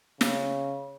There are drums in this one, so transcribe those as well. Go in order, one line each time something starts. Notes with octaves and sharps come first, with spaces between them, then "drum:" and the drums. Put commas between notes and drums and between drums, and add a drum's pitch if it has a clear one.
C#3, drum: snare